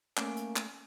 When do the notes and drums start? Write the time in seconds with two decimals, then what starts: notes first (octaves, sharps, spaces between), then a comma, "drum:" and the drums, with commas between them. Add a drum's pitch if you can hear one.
0.17 A3 A#3 C#4 D6, drum: clap
0.37 drum: hi-hat
0.56 drum: clap